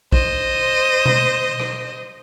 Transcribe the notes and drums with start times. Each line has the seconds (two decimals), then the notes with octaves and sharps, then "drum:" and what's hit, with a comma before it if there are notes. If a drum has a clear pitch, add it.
0.12 C5 D#5, drum: kick A#1
1.06 drum: tom B2
1.60 drum: rim click